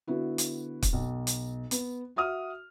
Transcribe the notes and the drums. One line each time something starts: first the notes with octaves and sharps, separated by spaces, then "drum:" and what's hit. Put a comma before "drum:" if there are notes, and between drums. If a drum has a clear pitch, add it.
D3 B3 E4 F#4
drum: hi-hat
drum: kick, hi-hat
B1
drum: hi-hat
B3, drum: hi-hat
F#4 E5 F#5 D#6 F6